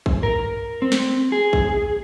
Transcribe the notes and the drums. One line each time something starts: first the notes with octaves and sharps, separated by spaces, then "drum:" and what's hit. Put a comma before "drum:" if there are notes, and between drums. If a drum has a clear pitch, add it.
drum: kick
A#4, drum: tom G2
C4
drum: snare
G#4
drum: kick